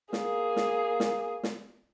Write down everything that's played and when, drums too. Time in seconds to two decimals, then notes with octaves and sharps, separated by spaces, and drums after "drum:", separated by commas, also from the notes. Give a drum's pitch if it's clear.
0.13 A#3 G#4, drum: snare
0.56 drum: snare
1.00 drum: snare
1.43 drum: snare